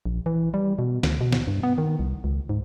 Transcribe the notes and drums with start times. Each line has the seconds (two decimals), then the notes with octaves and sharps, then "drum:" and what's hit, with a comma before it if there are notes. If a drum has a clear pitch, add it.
0.06 A#1
0.26 E3
0.54 G3
0.79 B2
1.03 D2, drum: snare D3
1.21 B2
1.32 drum: snare D3
1.47 G2
1.63 B3
1.78 D#3
1.99 C2
2.24 C#2
2.49 G#2